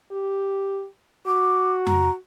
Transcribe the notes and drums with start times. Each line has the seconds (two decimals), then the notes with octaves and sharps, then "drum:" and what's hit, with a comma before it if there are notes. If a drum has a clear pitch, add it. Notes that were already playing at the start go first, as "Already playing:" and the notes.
0.11 G4
1.26 F#4 D6
1.87 A#5, drum: tom F2